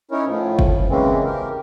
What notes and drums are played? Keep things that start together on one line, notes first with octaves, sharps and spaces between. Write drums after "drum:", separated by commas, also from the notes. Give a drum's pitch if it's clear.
C#4 D#4 E4 A#4 C#5
A2 F3
drum: kick
C#3 E3 G#3 A#3 C4 C#4
G4 A#4